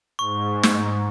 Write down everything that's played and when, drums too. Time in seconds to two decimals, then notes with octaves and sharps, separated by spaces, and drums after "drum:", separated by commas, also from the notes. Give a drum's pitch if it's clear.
0.19 G#2 C#6
0.63 drum: snare